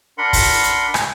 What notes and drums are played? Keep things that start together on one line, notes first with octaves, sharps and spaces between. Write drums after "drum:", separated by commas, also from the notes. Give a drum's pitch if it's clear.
D4 A#4 F#5 B5 C6
drum: kick, open hi-hat
drum: hi-hat
drum: rim click